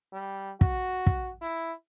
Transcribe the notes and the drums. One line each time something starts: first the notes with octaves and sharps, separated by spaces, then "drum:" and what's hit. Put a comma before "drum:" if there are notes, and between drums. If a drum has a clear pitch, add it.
G3
F#4, drum: kick
drum: kick
E4